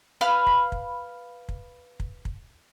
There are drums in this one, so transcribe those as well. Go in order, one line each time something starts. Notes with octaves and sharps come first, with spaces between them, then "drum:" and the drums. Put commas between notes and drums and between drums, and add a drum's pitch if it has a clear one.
B4 F5 B5 F6
drum: kick
drum: kick
drum: kick
drum: kick
drum: kick